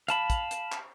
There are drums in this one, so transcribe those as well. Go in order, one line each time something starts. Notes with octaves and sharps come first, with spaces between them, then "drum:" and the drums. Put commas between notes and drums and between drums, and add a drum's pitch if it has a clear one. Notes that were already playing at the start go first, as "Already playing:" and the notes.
F5 A5 B5, drum: hi-hat
drum: kick, hi-hat
drum: hi-hat
drum: clap